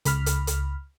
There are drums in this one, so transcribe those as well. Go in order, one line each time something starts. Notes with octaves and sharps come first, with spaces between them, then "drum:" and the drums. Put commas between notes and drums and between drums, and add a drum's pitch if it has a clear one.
C#2 B5 F6, drum: hi-hat
drum: hi-hat
drum: hi-hat